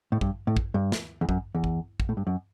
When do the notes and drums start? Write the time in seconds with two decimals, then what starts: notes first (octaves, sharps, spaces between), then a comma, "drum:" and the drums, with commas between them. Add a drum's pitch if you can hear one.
0.12 A2
0.21 G2, drum: kick
0.47 A2
0.57 drum: kick
0.74 G2
0.92 drum: snare
1.21 E2
1.29 F#2, drum: kick
1.55 E2
1.64 drum: kick
2.00 drum: kick
2.09 A2
2.17 G2
2.27 F#2